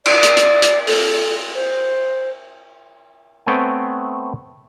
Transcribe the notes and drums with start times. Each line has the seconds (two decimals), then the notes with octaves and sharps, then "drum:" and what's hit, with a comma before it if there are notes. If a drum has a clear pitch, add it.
0.06 D5, drum: cymbal
0.23 drum: hi-hat
0.37 drum: hi-hat
0.62 drum: hi-hat
0.87 A4, drum: open hi-hat
1.55 C5
3.46 A3 B3 C4 C#5 G5 G#5